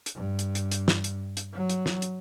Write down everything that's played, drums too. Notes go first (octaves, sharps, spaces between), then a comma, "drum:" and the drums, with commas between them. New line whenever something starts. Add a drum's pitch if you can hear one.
drum: hi-hat
G2
drum: hi-hat
drum: hi-hat
drum: hi-hat
drum: snare
drum: hi-hat
drum: hi-hat
F#3
drum: hi-hat
drum: snare
drum: hi-hat